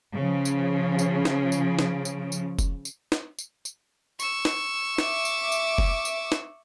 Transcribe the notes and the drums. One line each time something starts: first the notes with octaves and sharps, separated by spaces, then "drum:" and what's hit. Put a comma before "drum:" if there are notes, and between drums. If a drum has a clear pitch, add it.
C#3 F3
drum: tambourine
drum: tambourine
drum: snare
drum: tambourine
drum: snare
drum: tambourine
drum: tambourine
drum: kick F1, tambourine
drum: tambourine
drum: snare
drum: tambourine
drum: tambourine
C#6 E6, drum: tambourine
drum: snare
E5 D6, drum: snare
drum: tambourine
drum: tambourine
drum: kick F1
drum: tambourine
drum: snare